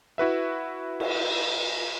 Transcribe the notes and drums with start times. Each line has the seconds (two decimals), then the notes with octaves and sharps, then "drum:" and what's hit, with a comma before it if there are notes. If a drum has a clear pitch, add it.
0.18 E4 F#4 B4 E5
1.00 drum: cymbal